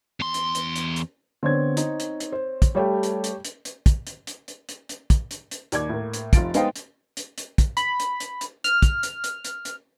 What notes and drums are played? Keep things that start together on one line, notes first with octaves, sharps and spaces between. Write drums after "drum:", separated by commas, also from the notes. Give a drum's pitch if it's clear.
E2 C6
drum: hi-hat
drum: hi-hat
drum: hi-hat
drum: hi-hat
D3 B3 C4 C#5 G#6
D#4, drum: hi-hat
drum: hi-hat
drum: hi-hat
C5
drum: kick, hi-hat
G3 A3 G4 C#5 G5
drum: hi-hat
drum: hi-hat
drum: hi-hat
drum: hi-hat
drum: kick, hi-hat
drum: hi-hat
drum: hi-hat
drum: hi-hat
drum: hi-hat
drum: hi-hat
drum: kick, hi-hat
drum: hi-hat
drum: hi-hat
D#2 D5 D6 G#6, drum: hi-hat
A2 A#3
drum: hi-hat
F1 F4 A6 D7, drum: kick, hi-hat
G#3 B3 D#4 C5 F5 G5, drum: hi-hat
drum: hi-hat
drum: hi-hat
drum: hi-hat
drum: kick, hi-hat
B5, drum: hi-hat
drum: hi-hat
drum: hi-hat
drum: hi-hat
F6, drum: hi-hat
drum: kick, hi-hat
drum: hi-hat
drum: hi-hat
drum: hi-hat
drum: hi-hat